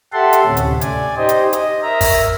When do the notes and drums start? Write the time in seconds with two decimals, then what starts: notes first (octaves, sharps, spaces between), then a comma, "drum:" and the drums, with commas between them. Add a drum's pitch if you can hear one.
0.13 G4 A4 E5 F#5 A5 C6
0.33 drum: hi-hat
0.45 D2 A2 C3 C#4
0.57 drum: hi-hat
0.81 D5 G#5, drum: hi-hat
1.17 D#4 G4 C5 D#5
1.29 drum: hi-hat
1.53 D#5, drum: hi-hat
1.82 A#4 E5 A#5
2.01 drum: kick, open hi-hat